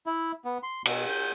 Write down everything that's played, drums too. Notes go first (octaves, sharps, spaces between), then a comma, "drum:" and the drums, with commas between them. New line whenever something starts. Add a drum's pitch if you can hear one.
E4
B3
C6
B2, drum: cymbal
G6